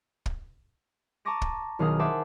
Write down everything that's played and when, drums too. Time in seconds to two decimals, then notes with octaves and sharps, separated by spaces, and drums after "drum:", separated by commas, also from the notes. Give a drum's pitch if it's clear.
0.26 drum: kick
1.25 A5 A#5 C#6 D6 A#6 D#7
1.42 drum: kick
1.79 B1 D#3 G#4 F5 D#6
1.99 C5 E5 F#5 G#5 A5 D6